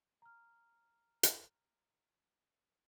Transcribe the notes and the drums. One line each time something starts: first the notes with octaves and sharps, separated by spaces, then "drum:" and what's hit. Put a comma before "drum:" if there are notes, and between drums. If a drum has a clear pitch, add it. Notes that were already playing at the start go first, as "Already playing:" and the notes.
A#5 F6
drum: hi-hat